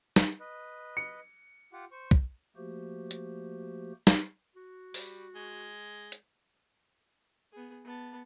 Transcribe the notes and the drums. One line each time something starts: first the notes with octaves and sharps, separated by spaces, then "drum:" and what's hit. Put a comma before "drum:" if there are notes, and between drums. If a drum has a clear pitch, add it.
drum: snare
B4 D#5
C#7
F4 G4 F#5
C5 C#6
drum: kick
F3 A3 A#3 F#4 G4 C5
drum: hi-hat
drum: snare
F#4
G3, drum: open hi-hat
G#3
drum: hi-hat
B3 G#4
B3 A5